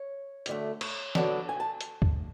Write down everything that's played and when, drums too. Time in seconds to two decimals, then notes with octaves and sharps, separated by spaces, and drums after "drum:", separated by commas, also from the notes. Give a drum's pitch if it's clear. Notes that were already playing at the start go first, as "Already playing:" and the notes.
Already playing: C#5
0.46 D2 D3 A3, drum: hi-hat
0.81 C#5, drum: cymbal
1.15 D3 F#3 B3 D4, drum: snare
1.49 G#5
1.60 A5
1.81 drum: hi-hat
2.02 drum: kick